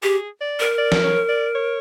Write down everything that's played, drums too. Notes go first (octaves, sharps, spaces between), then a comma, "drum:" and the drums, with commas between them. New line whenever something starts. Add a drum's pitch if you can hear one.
G4 G#4
D5
A#4
D5
drum: snare
C#5
D5
C#5